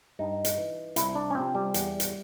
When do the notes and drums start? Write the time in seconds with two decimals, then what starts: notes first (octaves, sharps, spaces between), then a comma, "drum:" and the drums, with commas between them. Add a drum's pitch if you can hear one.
0.19 G2 D#4
0.45 drum: hi-hat
0.57 E3
0.96 C2 E4, drum: hi-hat
1.15 D4
1.30 C#4
1.35 C3 F3 C4
1.55 G3
1.74 E2, drum: hi-hat
2.00 drum: hi-hat